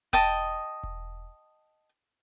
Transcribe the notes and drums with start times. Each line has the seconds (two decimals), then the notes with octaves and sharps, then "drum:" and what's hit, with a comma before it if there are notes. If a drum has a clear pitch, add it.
0.13 D#5 G5 A5 D#6, drum: kick E1
0.83 drum: kick E1